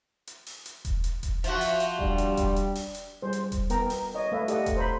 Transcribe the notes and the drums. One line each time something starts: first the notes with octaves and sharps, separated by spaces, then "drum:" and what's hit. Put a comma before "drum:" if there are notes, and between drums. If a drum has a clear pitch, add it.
drum: hi-hat
drum: open hi-hat
drum: hi-hat
drum: kick E1, hi-hat
drum: hi-hat
drum: kick E1, hi-hat
F3 F#4 E5, drum: hi-hat
drum: open hi-hat
drum: hi-hat
G3 D4, drum: kick E1
drum: hi-hat
drum: kick E1, hi-hat
drum: hi-hat
drum: open hi-hat
drum: hi-hat
G3 G#4 C5
drum: hi-hat
drum: kick E1, hi-hat
B3 A#4 G5 A#5, drum: hi-hat
drum: open hi-hat
C#5 D#5
A3 A4 B4 E5 F5
G4 A4 D5 D#5 F#5, drum: hi-hat
drum: kick E1, hi-hat
C5 A#5 B5